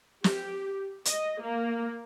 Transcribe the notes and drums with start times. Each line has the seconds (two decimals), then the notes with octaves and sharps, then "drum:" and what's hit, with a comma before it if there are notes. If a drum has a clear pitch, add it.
0.24 G4, drum: snare
1.05 D#5, drum: hi-hat
1.41 A#3